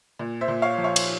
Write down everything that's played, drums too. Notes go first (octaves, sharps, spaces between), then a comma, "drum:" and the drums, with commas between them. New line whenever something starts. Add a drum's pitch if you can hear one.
A#2
C5 E5
A#2
C#5 F5
F3
C#5 F5
drum: cymbal